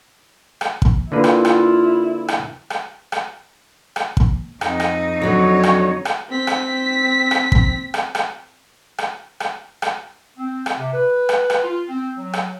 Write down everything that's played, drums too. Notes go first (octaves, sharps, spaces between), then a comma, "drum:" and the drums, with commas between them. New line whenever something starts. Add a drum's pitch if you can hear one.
drum: rim click
drum: kick
D3 A#3 E4 F4 B4
drum: rim click
drum: rim click
drum: rim click
drum: rim click
drum: rim click
drum: rim click
drum: kick
F2 D#4, drum: rim click
drum: rim click
D3 F#3 C#5
drum: rim click
drum: rim click
C4 B6
drum: rim click
drum: rim click
drum: kick
drum: rim click
drum: rim click
drum: rim click
drum: rim click
drum: rim click
C4
drum: rim click
C3
B4
drum: rim click
drum: rim click
F4
C4
F#3
drum: rim click